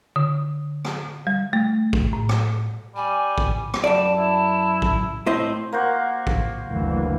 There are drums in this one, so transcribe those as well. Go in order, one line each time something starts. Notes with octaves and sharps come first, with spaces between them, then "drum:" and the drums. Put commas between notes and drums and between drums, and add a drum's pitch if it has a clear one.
D3
drum: rim click
G3
A3
drum: kick
A2
drum: rim click
G3 G#5
drum: kick
drum: rim click
F#2 G3 D5 A5
E4
drum: kick
A2 C4 C5 D#5
A#3 F#4 C5
drum: kick
F#1 D2 E3